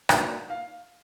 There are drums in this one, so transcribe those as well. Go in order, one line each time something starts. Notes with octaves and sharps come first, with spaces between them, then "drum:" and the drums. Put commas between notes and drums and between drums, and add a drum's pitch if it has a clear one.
A#3 D#4 F#4 B4 D5 E5, drum: rim click
F5